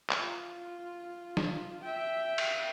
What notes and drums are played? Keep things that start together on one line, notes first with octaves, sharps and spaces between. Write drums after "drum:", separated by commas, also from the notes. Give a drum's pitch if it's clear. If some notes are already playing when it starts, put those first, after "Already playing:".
drum: clap
F4
drum: snare
E5 G5
drum: cymbal